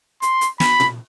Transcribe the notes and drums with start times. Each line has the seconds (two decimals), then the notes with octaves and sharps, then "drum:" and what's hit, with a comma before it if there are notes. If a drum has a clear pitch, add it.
0.22 C6, drum: hi-hat
0.41 drum: hi-hat
0.60 B5, drum: snare
0.80 drum: tom A#2